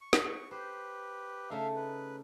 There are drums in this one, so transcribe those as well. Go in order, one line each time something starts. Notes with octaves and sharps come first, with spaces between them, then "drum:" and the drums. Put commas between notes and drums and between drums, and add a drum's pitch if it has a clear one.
C#6
drum: snare
G4 B4 C5
C#3 A3 D#4 E5 F5
B4